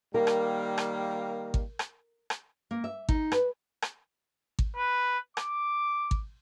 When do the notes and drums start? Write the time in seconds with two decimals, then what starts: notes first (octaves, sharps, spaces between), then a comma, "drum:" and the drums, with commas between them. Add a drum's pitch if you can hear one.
0.14 D#3 G3 A#3 A#4
0.27 drum: rim click
0.78 drum: rim click
1.54 drum: kick G#1
1.79 drum: rim click
2.30 drum: rim click
2.71 A#3
2.84 E5
3.09 D#4, drum: kick G#1
3.32 B4, drum: rim click
3.82 drum: rim click
4.59 drum: kick G#1
4.76 B4
5.37 D6, drum: rim click
6.11 drum: kick G#1